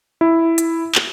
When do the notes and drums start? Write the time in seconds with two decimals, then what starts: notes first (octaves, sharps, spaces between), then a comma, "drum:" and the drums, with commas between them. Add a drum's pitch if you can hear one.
0.21 E4
0.58 drum: hi-hat
0.95 drum: clap